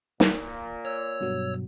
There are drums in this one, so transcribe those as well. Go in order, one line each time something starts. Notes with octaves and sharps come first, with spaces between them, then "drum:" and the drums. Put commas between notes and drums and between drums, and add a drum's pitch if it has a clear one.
A#2, drum: snare
C#5 E6
G2 B2 F#3